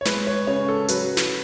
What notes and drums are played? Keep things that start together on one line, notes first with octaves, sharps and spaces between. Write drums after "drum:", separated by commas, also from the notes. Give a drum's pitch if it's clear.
C#5
G#3 B4, drum: snare
C#5
C#3 C#5
A4
F#3 B4, drum: hi-hat
drum: snare